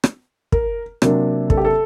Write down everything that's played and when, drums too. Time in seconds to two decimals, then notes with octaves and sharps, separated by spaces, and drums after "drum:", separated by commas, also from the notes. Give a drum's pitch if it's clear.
0.04 drum: rim click
0.52 A#4, drum: kick
1.02 C3 F#3 A#3 D4, drum: rim click
1.50 A4, drum: kick
1.57 G4
1.65 A4